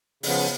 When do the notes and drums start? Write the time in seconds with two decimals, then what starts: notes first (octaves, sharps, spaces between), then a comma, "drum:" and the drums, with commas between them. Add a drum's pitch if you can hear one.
0.23 C#3 F3 B3, drum: open hi-hat